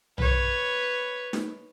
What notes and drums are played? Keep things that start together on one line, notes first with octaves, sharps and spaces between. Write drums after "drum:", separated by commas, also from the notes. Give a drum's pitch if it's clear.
B4 C#5, drum: tom B1
drum: snare D#4